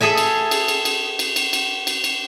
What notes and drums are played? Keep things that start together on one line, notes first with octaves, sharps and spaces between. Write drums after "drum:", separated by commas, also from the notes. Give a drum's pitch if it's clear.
G#4 A4 E5 G#5
drum: cymbal
drum: cymbal
drum: cymbal
drum: cymbal
drum: cymbal
drum: cymbal
drum: cymbal
drum: cymbal
drum: cymbal